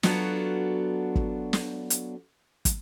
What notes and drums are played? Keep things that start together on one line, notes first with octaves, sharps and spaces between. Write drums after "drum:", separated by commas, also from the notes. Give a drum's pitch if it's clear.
F#3 B3 D4 F4 F#4 A4, drum: snare
drum: kick
drum: snare
drum: hi-hat
drum: kick, hi-hat